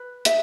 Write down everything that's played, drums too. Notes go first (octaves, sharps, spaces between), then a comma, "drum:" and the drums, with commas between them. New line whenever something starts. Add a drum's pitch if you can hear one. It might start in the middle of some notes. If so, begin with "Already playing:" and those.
Already playing: B4
D#4 E5, drum: hi-hat